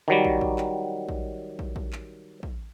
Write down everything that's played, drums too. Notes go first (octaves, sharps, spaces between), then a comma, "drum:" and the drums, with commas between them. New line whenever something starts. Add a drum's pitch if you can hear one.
D#3 F#3 G3
drum: kick
drum: kick
drum: clap
drum: kick
drum: kick
drum: kick
drum: clap
drum: kick